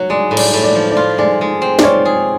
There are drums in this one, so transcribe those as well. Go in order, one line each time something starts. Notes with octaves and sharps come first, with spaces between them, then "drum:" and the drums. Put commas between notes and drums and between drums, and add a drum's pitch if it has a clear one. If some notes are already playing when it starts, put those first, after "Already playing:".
Already playing: F#3 C#5
G#3 D5
A2
D5, drum: cymbal
A2
D5
F3
D5
F4
G#3 D5
G#3
C4
D5, drum: snare
F4 C#5
G#4